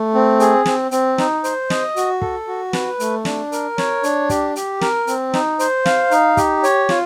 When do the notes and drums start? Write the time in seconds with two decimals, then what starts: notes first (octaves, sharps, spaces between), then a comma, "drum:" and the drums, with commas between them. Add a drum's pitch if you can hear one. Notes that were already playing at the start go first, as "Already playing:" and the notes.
Already playing: A3
0.14 C4
0.40 G#4, drum: hi-hat
0.66 C4, drum: snare
0.91 C4, drum: hi-hat
1.18 D#4, drum: snare
1.44 C5, drum: hi-hat
1.70 D#5, drum: snare
1.96 F#4, drum: hi-hat
2.22 A4, drum: kick
2.48 F#4
2.73 B4, drum: snare
3.00 A3, drum: hi-hat
3.25 D4, drum: snare
3.52 A#4, drum: hi-hat
3.78 C#5, drum: snare
4.03 D4, drum: hi-hat
4.29 G4, drum: kick, hi-hat
4.56 G4, drum: hi-hat
4.81 A#4, drum: snare
5.07 C4, drum: hi-hat
5.34 D#4, drum: snare
5.59 C5, drum: hi-hat
5.86 F5, drum: snare
6.11 D#4, drum: hi-hat
6.37 G4, drum: kick, hi-hat
6.63 C#5, drum: hi-hat
6.89 F4, drum: snare